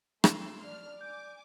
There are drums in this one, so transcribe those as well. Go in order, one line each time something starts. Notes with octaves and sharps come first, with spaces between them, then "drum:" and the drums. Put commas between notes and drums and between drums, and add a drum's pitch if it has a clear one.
A3 C6 E6, drum: rim click
D4 D5 F6
G#5 D6 G6